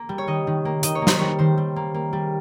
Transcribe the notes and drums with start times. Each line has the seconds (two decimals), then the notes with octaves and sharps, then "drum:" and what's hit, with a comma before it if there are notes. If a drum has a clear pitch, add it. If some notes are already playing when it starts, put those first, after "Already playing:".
Already playing: A#3
0.09 G3
0.18 C#5
0.27 D#3 D#5
0.47 D#3
0.65 A#3
0.83 D#3 D#5, drum: hi-hat
0.95 C#5
1.02 A#3
1.07 C5, drum: snare
1.18 G3 C#5
1.39 D#3 C5
1.57 G3
1.76 A#3
1.94 A#3
2.13 G3